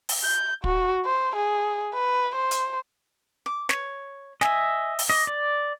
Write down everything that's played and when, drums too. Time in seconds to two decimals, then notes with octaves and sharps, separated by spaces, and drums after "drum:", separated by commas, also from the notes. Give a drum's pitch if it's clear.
0.09 drum: open hi-hat
0.24 G6
0.64 F#4, drum: kick
1.05 C5
1.35 G#4
1.94 B4
2.35 C5
2.51 drum: hi-hat
3.46 D6
3.69 C#5, drum: snare
4.41 D#5 E5 G#5, drum: snare
4.99 drum: open hi-hat
5.10 D#5 D6
5.27 D5